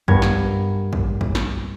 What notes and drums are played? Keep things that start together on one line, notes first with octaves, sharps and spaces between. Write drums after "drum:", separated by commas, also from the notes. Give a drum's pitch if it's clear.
G2 B3 A#4 G#6, drum: kick
drum: snare
drum: kick
drum: kick
drum: snare